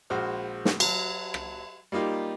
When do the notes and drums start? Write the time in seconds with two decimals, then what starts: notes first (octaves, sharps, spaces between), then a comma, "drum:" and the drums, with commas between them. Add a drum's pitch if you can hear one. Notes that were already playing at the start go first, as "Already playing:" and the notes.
0.10 A#1 G#3 F#4 C5 F6
0.65 drum: snare
0.80 F#3 A5, drum: cymbal
1.34 drum: rim click
1.92 G3 A#3 D#4 F4 G4